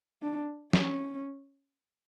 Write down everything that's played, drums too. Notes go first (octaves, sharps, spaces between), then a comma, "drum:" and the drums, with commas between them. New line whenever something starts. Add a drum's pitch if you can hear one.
D4
C#4, drum: snare